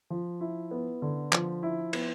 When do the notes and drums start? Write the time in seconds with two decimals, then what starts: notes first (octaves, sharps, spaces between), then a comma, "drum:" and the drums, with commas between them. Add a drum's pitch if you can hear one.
0.10 F3
0.41 E4
0.71 B3
1.02 D3
1.33 F3, drum: clap
1.63 E4
1.93 B3, drum: cymbal